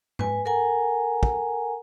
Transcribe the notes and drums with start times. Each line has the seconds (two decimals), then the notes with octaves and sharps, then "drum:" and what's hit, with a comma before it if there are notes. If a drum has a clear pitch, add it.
0.19 B4 G#5, drum: tom G#2
0.45 A4 A#4 F#5 G#5 A#5
1.23 drum: kick